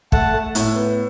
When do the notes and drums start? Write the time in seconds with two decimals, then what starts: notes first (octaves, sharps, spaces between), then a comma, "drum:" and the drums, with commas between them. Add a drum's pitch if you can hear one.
0.12 A3 F#5 A5, drum: kick
0.33 A3
0.55 A2, drum: hi-hat
0.76 B3